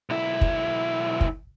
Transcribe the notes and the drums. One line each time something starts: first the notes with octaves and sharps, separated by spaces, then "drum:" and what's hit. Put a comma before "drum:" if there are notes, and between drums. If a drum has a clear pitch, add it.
B1 E4
drum: kick
drum: kick